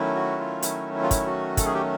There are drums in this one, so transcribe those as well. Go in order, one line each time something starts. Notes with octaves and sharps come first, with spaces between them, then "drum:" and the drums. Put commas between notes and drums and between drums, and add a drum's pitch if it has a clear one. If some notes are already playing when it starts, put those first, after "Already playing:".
Already playing: D#3 F#3 A3 C#4 E4
F#4
F4
E4, drum: hi-hat
E4
F4
E4, drum: kick, hi-hat
F#4
A4, drum: kick, hi-hat
G#4
G4